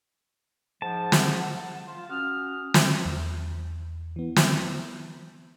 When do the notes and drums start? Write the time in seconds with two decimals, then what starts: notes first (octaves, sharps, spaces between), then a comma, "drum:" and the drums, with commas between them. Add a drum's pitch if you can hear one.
0.82 G#2 F3 F#5 A5
1.12 drum: snare
1.88 F4
2.10 C#4 F#4 D#6 F6
2.74 drum: snare
3.05 E2
4.16 E3 B3
4.36 drum: snare